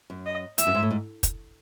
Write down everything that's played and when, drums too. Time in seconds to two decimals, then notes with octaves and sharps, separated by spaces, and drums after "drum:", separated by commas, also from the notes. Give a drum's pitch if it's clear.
0.10 F#2
0.26 D#5
0.58 E2 E5, drum: hi-hat
0.67 F#2
0.75 G#2
0.83 A2
0.90 G#2
1.23 drum: kick, hi-hat